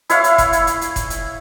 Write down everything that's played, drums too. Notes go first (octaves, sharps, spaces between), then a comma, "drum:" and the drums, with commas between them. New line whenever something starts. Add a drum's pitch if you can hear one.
E4 C#5 F5, drum: hi-hat
drum: hi-hat
drum: kick F1, hi-hat
drum: hi-hat
drum: hi-hat
drum: hi-hat
drum: kick F1, hi-hat
drum: hi-hat